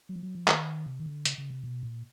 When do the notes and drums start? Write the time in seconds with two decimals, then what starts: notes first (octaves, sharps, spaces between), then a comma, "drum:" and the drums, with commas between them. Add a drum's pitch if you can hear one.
0.09 F#3
0.16 F3
0.22 F#3
0.35 F3
0.48 D#3, drum: clap
0.86 C3
1.00 D#3
1.06 D3
1.25 C#3, drum: hi-hat
1.38 C#3
1.50 C3
1.64 B2
1.83 A#2